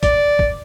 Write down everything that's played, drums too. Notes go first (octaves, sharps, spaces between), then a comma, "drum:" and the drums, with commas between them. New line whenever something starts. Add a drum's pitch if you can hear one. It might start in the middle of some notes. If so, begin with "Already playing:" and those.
D5, drum: kick, hi-hat
drum: kick